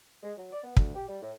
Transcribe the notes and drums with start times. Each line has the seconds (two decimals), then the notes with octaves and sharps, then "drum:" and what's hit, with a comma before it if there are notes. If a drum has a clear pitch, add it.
0.23 G#3
0.38 F#3
0.52 D5
0.64 B3
0.77 D2, drum: kick
0.95 G4
1.09 G3
1.22 A2